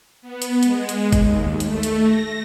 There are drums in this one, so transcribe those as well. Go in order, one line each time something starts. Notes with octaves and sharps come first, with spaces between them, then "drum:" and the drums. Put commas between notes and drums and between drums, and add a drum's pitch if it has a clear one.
B3
drum: hi-hat
G#3, drum: hi-hat
drum: hi-hat
D#2, drum: kick G1, hi-hat
A3, drum: hi-hat
drum: hi-hat
A#6